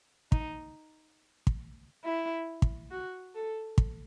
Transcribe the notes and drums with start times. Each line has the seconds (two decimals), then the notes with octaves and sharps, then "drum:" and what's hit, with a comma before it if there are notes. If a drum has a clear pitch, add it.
0.32 D#4, drum: kick
1.47 drum: kick
2.04 E4
2.62 drum: kick
2.91 F#4
3.35 A4
3.78 drum: kick